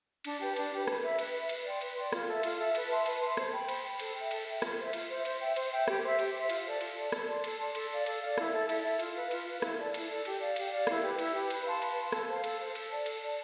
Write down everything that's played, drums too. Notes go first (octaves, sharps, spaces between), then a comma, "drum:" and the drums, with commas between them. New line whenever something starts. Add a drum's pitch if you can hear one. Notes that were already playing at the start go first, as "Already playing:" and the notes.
D4, drum: cymbal
G4 B4
D4, drum: cymbal
G4 B4
B4, drum: rim click
E5 B5
B4, drum: cymbal
E5 B5
B4, drum: cymbal
D5 G5 C6
B4, drum: cymbal
D5 G5 C6
F4, drum: rim click
A4 E5
F4, drum: cymbal
A4 E5
B4, drum: cymbal
E5 A5 C6
B4, drum: cymbal
E5 A5 C6
C5, drum: rim click
G5 B5
C5, drum: cymbal
G5 B5
A4, drum: cymbal
G5
E5
A4, drum: cymbal
E5 G5
F4, drum: rim click
C5 E5
F4, drum: cymbal
C5 E5
C5, drum: cymbal
E5 G5
C5, drum: cymbal
E5 G5
G4, drum: rim click
C5 E5
G4, drum: cymbal
C5 E5
F4, drum: cymbal
A4 D5 A5
F4, drum: cymbal
A4 D5 A5
A4, drum: rim click
D5 A5 C6
A4, drum: cymbal
D5 A5 C6
A4, drum: cymbal
D5 F5
A4, drum: cymbal
D5 F5
E4, drum: rim click
A4 E5
E4, drum: cymbal
A4 E5
F4, drum: cymbal
B4 F5
F4, drum: cymbal
B4 F5
E4, drum: rim click
A4 D5 A5
E4, drum: cymbal
A4 D5 A5
G4, drum: cymbal
D5 F5
G4, drum: cymbal
D5 F5
E4, drum: rim click
G4 B4
E4, drum: cymbal
G4 B4
B4, drum: cymbal
F5 A5 C6
B4, drum: cymbal
F5 A5 C6
A4, drum: rim click
C5 F5 A5
A4, drum: cymbal
C5 F5 A5
A4, drum: cymbal
D5 A5
A4, drum: cymbal
D5 A5